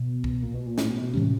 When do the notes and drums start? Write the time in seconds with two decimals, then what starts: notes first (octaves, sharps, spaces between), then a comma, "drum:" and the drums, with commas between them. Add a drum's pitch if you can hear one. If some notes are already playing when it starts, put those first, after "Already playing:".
Already playing: B2
0.24 drum: kick
0.42 A#2
0.54 B2
0.66 A#2
0.78 A2, drum: snare
0.90 B2
1.01 B2
1.13 A2 C3 E3 G#3 C#4